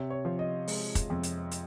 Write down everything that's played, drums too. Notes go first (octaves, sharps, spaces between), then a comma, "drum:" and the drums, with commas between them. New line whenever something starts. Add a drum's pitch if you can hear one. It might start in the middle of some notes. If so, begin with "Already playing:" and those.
Already playing: C3 C#5
C#5
F3
D#5
G#3, drum: open hi-hat
drum: kick, hi-hat
F2
drum: hi-hat
drum: hi-hat